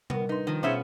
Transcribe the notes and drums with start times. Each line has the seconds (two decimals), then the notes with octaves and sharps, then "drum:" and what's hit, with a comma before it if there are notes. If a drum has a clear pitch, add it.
0.10 G3 B3 A#4, drum: tom C3
0.29 D#4 B4 C6
0.47 D#3 F3
0.63 B2 B3 C#4 D#4 F4 G#4 C5 E5